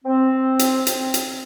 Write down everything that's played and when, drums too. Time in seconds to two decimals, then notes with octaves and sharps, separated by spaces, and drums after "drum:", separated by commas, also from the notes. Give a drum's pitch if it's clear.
0.05 C4
0.59 drum: hi-hat
0.87 drum: hi-hat
1.14 drum: hi-hat